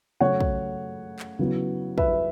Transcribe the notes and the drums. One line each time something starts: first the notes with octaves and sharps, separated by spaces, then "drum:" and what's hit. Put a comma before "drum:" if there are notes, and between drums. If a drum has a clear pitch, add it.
C#3 F#3 A3 C#5 F#5
drum: kick
drum: clap
C#3 F#3 B3 E4
B4 E5, drum: kick